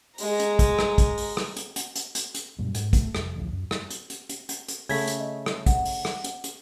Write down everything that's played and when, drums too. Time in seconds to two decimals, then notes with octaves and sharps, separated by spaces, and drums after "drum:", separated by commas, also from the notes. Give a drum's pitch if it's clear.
0.18 G#3 A#5, drum: open hi-hat
0.40 drum: hi-hat
0.59 drum: kick, hi-hat
0.79 drum: rim click
0.98 drum: kick, hi-hat
1.18 drum: open hi-hat
1.37 drum: rim click
1.57 drum: hi-hat
1.76 drum: hi-hat
1.96 drum: hi-hat
2.15 drum: hi-hat
2.35 drum: hi-hat
2.59 F#2 A#2 G3
2.75 G#2, drum: hi-hat
2.93 A3, drum: kick, hi-hat
3.15 F1, drum: rim click
3.36 A1 D2 F3
3.53 F#2
3.71 drum: rim click
3.90 drum: hi-hat
4.10 drum: hi-hat
4.29 drum: hi-hat
4.49 drum: hi-hat
4.68 drum: hi-hat
4.89 C#3 A3 G#6 A#6 B6, drum: open hi-hat
5.07 drum: hi-hat
5.20 D#5
5.46 drum: rim click
5.66 F#5, drum: kick, hi-hat
5.85 drum: open hi-hat
6.05 drum: rim click
6.24 drum: hi-hat
6.44 drum: hi-hat